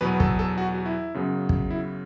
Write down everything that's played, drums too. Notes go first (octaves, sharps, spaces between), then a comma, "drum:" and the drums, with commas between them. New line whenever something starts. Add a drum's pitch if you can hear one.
E2 B2 F#3 B3 B4
A4, drum: kick
A4
F#4
F#4
E4
F#2 C#3 F#3 B3
drum: kick
E4